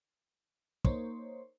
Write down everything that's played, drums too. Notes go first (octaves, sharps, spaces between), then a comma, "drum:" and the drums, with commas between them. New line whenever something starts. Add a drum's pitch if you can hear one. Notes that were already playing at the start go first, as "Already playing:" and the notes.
A#3 D#4 C5 C#5, drum: kick